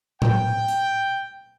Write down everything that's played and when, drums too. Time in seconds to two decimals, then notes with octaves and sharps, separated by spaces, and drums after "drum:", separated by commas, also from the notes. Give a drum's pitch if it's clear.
0.22 G5, drum: tom A2
0.68 drum: hi-hat